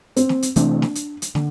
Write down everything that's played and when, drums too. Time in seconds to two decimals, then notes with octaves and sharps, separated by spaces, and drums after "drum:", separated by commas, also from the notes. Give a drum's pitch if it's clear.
0.16 C4, drum: hi-hat
0.29 drum: snare
0.42 drum: hi-hat
0.56 C3 E3 A3 C4 D4, drum: hi-hat
0.82 drum: snare
0.95 drum: hi-hat
1.22 drum: hi-hat
1.35 D3, drum: snare